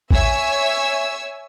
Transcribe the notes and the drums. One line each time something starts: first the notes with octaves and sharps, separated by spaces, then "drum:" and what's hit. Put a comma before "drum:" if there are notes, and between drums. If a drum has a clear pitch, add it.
C#5 E5 G#5 E6, drum: kick